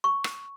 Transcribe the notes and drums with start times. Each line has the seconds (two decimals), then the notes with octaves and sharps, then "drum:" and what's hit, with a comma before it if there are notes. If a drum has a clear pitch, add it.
0.04 C#6
0.24 drum: rim click